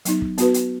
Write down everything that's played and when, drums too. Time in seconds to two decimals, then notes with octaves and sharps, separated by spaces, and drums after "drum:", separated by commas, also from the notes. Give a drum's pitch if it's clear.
0.05 F#3 B3 D#4, drum: hi-hat
0.22 drum: kick
0.38 B3 F#4 B4, drum: hi-hat
0.54 drum: hi-hat